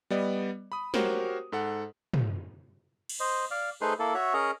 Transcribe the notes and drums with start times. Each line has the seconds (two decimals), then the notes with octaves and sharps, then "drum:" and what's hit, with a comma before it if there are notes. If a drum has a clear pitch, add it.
0.10 G3 B3 D5 D#5
0.72 B5 D#6
0.94 F#4 G4 A#4 C5 C#5, drum: snare
1.52 G#2 A4 F#5
2.13 drum: tom
3.09 drum: cymbal
3.20 C5 D#5
3.51 D5 F5
3.81 A3 D#4 G#4 B4 C5 C6
3.99 A#3 E4 A4
4.14 F#4 C#5 E5
4.34 C#4 G#4 A#4 D#5 A#5